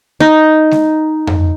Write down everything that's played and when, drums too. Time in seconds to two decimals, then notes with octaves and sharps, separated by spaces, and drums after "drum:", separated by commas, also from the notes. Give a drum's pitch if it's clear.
0.20 D#4
0.71 drum: snare G#3
1.27 drum: tom F2